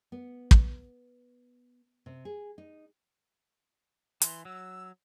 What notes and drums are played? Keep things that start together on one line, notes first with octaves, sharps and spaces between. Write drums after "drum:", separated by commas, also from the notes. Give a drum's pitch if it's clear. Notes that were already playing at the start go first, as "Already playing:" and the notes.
B3
drum: kick
C3
G#4
D#4
E3 C6, drum: hi-hat
F#3 E6